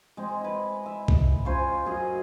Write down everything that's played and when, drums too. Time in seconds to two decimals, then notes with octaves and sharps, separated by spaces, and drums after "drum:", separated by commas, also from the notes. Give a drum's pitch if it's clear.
0.17 G#3 C4
0.41 E4 B4
0.86 E5
1.08 drum: kick C2
1.45 C#4 F4 C5 G#5
1.85 F#2 G#4 D#5